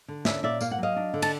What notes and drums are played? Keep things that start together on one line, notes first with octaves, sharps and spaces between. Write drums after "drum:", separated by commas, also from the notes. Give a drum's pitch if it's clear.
D3
C#4 D5 E5, drum: snare
A#2 D5 E5
A#3 F5, drum: tambourine
F#5
F#3 D#5 F5
D4
D3
A5, drum: cymbal